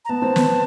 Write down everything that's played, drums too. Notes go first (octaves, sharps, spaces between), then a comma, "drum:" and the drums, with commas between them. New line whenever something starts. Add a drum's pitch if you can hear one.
A#5
B3 A5
C4
B3, drum: snare